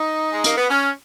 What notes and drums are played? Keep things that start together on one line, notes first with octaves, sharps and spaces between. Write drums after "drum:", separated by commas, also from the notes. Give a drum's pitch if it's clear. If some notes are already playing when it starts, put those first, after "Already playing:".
Already playing: D#4
G#3
A#3, drum: hi-hat
B3
C#4